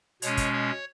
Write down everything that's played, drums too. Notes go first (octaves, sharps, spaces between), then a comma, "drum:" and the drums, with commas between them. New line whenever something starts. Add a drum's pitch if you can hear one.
B2 G#3 C#4 C#5, drum: hi-hat
drum: kick, hi-hat
C#5